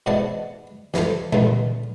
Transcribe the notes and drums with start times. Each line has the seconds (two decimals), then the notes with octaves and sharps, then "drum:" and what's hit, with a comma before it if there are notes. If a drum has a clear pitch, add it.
0.06 G#2 B2 E4 D5 F#5 A5
0.94 G2 E3 F3 A4, drum: snare
1.33 C#2 G2 A#2 D3 E3, drum: tom A#2